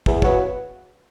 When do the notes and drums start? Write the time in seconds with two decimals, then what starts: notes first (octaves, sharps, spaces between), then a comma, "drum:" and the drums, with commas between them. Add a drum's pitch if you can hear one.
0.06 E2, drum: kick
0.22 C#3 F#3 B3 F#4, drum: kick